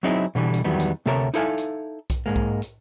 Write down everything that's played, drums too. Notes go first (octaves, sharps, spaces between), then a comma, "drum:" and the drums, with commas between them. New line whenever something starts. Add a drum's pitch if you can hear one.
F#3 C4 D#4 E4 G#4
B2 D3 E3 G3
drum: hi-hat
E2 D#3 F#3 G3 B3
drum: hi-hat
D2 C3 A4 A#4 C#5, drum: snare
D#4 E4 A4 F5 G#5, drum: hi-hat
drum: hi-hat
drum: kick B1, hi-hat
G#2 G#3 A#3
drum: kick B1
drum: hi-hat